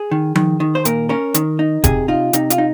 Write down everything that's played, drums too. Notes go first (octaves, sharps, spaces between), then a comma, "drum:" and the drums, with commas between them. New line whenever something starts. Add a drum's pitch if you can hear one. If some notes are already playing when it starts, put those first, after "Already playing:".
Already playing: G#4
D#3
D#3, drum: tom F3
D#3
C5
A#2 A#4, drum: hi-hat
C#4 A#4
D#3, drum: hi-hat
D#4
C3 G#4, drum: kick F1, hi-hat
D#4 F4
C3 D#4, drum: hi-hat
F4, drum: hi-hat
D#4